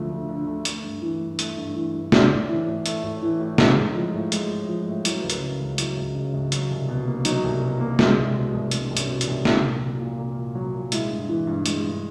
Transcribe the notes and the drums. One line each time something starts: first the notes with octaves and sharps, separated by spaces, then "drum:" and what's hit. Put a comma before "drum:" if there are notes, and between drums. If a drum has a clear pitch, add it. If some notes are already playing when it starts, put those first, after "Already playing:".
Already playing: D2 D3 F3 A3
D2
D3
A3
A3, drum: hi-hat
G2
E3
G2
A3, drum: hi-hat
G2
E3
G2
A3 D4, drum: snare
A2
E3
A2
A3, drum: hi-hat
A2
E3
A2
G#3 D#4, drum: snare
A2
F3
A2
G#3, drum: hi-hat
A2
F3
A2
F#3 E4, drum: hi-hat
C#2 B4
A#4, drum: hi-hat
C#3
C#2
F#3 E4, drum: hi-hat
C#2
C#3
C#2
F#3, drum: hi-hat
C2
B2
A#3
F#3 D#4, drum: hi-hat
C2
B2
A#3
G#3, drum: snare
C2
B2
C2
G#3 D4, drum: hi-hat
C2
C#4, drum: hi-hat
B2
D4, drum: hi-hat
C2
A#3 E4, drum: snare
A#2
F#3
A#2
A#3
A#2
F#3
A#2
G#3 E4, drum: hi-hat
G2
E3
G2
G#3, drum: hi-hat
G2